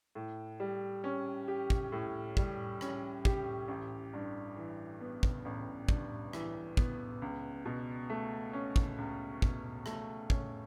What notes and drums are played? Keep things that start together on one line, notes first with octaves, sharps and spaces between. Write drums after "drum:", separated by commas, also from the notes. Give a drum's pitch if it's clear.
A2
G3
C#4
G4
drum: kick
A2
G3, drum: kick
C#4, drum: rim click
G4, drum: kick
A1
G2
E3
B3
drum: kick
A1
G2, drum: kick
E3, drum: rim click
B3, drum: kick
C#2
B2
A3
C#4
drum: kick
C#2
B2, drum: kick
A3, drum: rim click
C#4, drum: kick